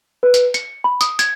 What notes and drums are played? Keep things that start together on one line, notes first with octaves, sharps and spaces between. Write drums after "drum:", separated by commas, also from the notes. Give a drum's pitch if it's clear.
B4
drum: hi-hat
C#7, drum: hi-hat
B5
D#6, drum: hi-hat
G#6, drum: hi-hat